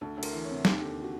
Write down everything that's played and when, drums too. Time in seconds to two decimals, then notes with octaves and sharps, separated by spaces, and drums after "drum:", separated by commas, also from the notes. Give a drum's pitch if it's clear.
0.01 D2 A4
0.17 D2 A4
0.23 A#4, drum: cymbal
0.33 E3
0.44 C#5
0.50 C3
0.65 D#2 G4, drum: snare
0.81 D3
1.02 F#4